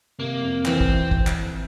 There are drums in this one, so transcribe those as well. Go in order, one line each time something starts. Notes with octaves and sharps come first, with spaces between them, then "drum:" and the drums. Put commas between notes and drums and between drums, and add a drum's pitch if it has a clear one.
C3 A#3
F2
E3 C4, drum: clap
drum: kick
drum: kick
drum: clap